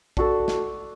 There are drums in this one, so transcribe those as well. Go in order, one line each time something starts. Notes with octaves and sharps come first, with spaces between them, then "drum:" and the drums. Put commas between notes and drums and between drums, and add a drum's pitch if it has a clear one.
D4 F#4 A4, drum: kick A#1
drum: snare